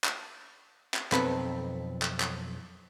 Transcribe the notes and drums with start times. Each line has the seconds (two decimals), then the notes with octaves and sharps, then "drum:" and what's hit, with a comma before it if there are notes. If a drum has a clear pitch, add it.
0.04 drum: clap
0.94 drum: clap
1.12 B1 F2 C4 A4 B4 B5, drum: clap
2.02 drum: clap
2.20 drum: clap